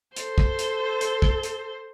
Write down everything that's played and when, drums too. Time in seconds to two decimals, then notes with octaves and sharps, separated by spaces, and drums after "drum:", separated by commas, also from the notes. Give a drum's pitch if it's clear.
0.17 A4 C5, drum: hi-hat
0.38 drum: kick
0.59 drum: hi-hat
1.01 drum: hi-hat
1.22 drum: kick
1.43 drum: hi-hat